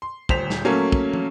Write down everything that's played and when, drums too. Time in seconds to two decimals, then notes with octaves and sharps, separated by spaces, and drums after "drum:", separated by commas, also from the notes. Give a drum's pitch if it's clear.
0.02 C6
0.29 D#1 D2 C5 B6 F7, drum: kick
0.50 drum: snare
0.65 F#3 A3 A#3 C#4
0.92 drum: kick
1.13 drum: tom